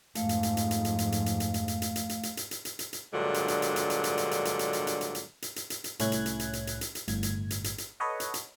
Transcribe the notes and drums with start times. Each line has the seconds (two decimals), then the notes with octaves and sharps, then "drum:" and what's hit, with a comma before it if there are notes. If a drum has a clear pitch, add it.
0.15 F2 G#2 A3 F5, drum: hi-hat
0.29 drum: hi-hat
0.43 drum: hi-hat
0.57 drum: hi-hat
0.71 drum: hi-hat
0.85 drum: hi-hat
0.98 drum: hi-hat
1.12 drum: hi-hat
1.26 drum: hi-hat
1.40 drum: hi-hat
1.54 drum: hi-hat
1.68 drum: hi-hat
1.82 drum: hi-hat
1.96 drum: hi-hat
2.09 drum: hi-hat
2.23 drum: hi-hat
2.37 drum: hi-hat
2.51 drum: hi-hat
2.65 drum: hi-hat
2.79 drum: hi-hat
2.93 drum: hi-hat
3.14 G2 A#2 D3 F#3 G#3
3.34 drum: hi-hat
3.48 drum: hi-hat
3.62 drum: hi-hat
3.76 drum: hi-hat
3.90 drum: hi-hat
4.04 drum: hi-hat
4.18 drum: hi-hat
4.31 drum: hi-hat
4.45 drum: hi-hat
4.59 drum: hi-hat
4.73 drum: hi-hat
4.87 drum: hi-hat
5.01 drum: hi-hat
5.15 drum: hi-hat
5.42 drum: hi-hat
5.56 drum: hi-hat
5.70 drum: hi-hat
5.84 drum: hi-hat
5.99 C2 A2 C#4 E4 F#6 G#6, drum: hi-hat
6.12 drum: hi-hat
6.26 drum: hi-hat
6.40 drum: hi-hat
6.53 drum: hi-hat
6.67 drum: hi-hat
6.81 drum: hi-hat
6.95 drum: hi-hat
7.08 G1 A2 G#6, drum: hi-hat
7.23 drum: hi-hat
7.50 drum: hi-hat
7.64 drum: hi-hat
7.78 drum: hi-hat
8.00 A4 B4 C#5 D#5 F#5
8.20 drum: hi-hat
8.34 drum: hi-hat